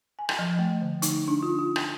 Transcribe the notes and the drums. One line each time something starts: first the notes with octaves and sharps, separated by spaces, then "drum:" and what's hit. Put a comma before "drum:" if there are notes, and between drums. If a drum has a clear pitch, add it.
G#5
drum: rim click
F3
A3
D3
D#4, drum: hi-hat
D4
F4
F4
drum: rim click